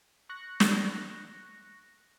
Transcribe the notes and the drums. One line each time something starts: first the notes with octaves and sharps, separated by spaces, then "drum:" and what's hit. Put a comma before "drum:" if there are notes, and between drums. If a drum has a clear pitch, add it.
C#6 F#6 A#6 C#7
drum: snare